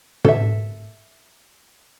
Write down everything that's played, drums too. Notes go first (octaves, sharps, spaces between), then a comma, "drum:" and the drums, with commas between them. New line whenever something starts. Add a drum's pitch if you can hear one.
A4 E5, drum: tom